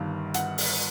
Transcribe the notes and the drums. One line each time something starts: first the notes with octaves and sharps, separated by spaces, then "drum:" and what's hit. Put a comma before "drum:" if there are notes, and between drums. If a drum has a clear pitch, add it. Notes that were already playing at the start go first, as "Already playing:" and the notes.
Already playing: G1 G2 D#3 F5
F#5, drum: hi-hat
drum: open hi-hat